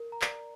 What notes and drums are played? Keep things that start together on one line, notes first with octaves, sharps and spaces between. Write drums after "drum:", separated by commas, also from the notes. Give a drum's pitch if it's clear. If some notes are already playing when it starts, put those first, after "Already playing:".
Already playing: A#4
A#5
D5, drum: clap